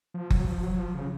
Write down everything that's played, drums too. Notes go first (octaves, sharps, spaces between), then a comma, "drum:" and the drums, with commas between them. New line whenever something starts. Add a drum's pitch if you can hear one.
F3
F#3, drum: kick F#1
F3
F#3
F3
C#3